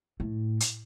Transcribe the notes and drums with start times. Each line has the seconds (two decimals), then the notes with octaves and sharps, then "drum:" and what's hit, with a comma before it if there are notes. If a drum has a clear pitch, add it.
0.20 A2
0.60 drum: hi-hat